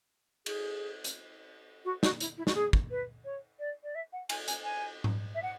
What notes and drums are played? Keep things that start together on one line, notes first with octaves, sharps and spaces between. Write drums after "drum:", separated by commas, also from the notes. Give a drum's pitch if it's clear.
G#4, drum: cymbal
drum: hi-hat
F#4
F#4, drum: snare
E4, drum: hi-hat
E4
F#4, drum: snare
G#4
drum: kick
B4
C#5
D5
D5
E5
F#5
G#5, drum: cymbal
G#5, drum: hi-hat
G#5
drum: tom G#2
E5
F#5